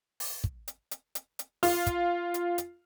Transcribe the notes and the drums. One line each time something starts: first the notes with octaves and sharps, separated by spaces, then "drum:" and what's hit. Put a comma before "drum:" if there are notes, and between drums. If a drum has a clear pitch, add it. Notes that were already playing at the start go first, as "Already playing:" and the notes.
drum: open hi-hat
drum: kick
drum: hi-hat
drum: hi-hat
drum: hi-hat
drum: hi-hat
F4, drum: open hi-hat
drum: kick, hi-hat
drum: hi-hat
drum: hi-hat